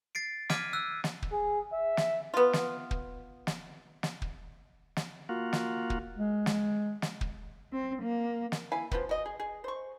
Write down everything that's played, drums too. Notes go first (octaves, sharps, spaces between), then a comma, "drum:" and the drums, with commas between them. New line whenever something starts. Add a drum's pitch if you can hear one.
A6 C7 D7
D6 F6 G#6 B6 D7 D#7, drum: snare
E6 F#6
drum: snare
drum: kick
G#4
E5
drum: snare
B3 F4
drum: snare
drum: kick
drum: snare
drum: snare
drum: kick
drum: snare
A#3 F4 F#4
drum: snare
drum: kick
G#3
drum: snare
drum: snare
drum: kick
C4
A#3
drum: snare
E4 F5 G#5 B5
F3 G3 B3 C4, drum: kick
F#4 D#5
G#4
G#4
C5 C#6